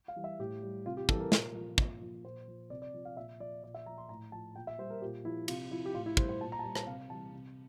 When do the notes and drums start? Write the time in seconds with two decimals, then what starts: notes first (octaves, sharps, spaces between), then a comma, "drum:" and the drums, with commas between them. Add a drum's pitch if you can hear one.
0.08 F5
0.16 E3 G3
0.24 E5
0.39 A2 G4
0.62 G3
0.86 C3 F4
0.97 G4
1.09 E3 G3 A4, drum: kick
1.20 A#4
1.32 A#2, drum: snare
1.55 F3
1.78 A#2, drum: kick
2.01 F3
2.24 A#2 C5
2.48 F3
2.70 C3 D5
2.82 D5
2.94 F3
3.05 F5
3.16 A#2 E5
3.40 F3 D5
3.63 A#2 D5
3.74 E5
3.86 F3 A#5
3.98 C6
4.09 A2 A#5
4.32 F3 A5
4.55 A#2 G5
4.67 E5
4.78 G3 C5
4.90 A#4
5.02 A#2 G4
5.25 F3 E4
5.48 C3 F4, drum: cymbal
5.71 F3 E4
5.86 G4
5.94 A2 F4
6.06 E4
6.17 G3 C5, drum: kick
6.29 C5
6.41 A#2 A5
6.52 A#5
6.59 A5
6.64 G3 A#5
6.75 A5, drum: rim click
6.87 C3 F5
7.10 E3 G3 A5
7.33 C3